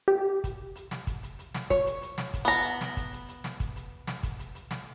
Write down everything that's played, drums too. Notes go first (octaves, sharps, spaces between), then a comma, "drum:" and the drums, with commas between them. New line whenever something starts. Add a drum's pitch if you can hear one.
G4
drum: kick, hi-hat
drum: hi-hat
drum: snare
drum: kick, hi-hat
drum: hi-hat
drum: hi-hat
drum: snare
C#5, drum: kick, hi-hat
drum: hi-hat
drum: hi-hat
drum: snare
drum: kick, hi-hat
B3 A#5
drum: hi-hat
drum: snare
drum: kick, hi-hat
drum: hi-hat
drum: hi-hat
drum: snare
drum: kick, hi-hat
drum: hi-hat
drum: snare
drum: kick, hi-hat
drum: hi-hat
drum: hi-hat
drum: snare